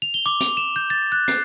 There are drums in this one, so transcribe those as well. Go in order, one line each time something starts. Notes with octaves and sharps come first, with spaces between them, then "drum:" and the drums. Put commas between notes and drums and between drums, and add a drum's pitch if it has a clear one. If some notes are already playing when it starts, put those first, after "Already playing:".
F7
G7
D6
F7, drum: hi-hat
E7
G6
A6
F#6
C7, drum: hi-hat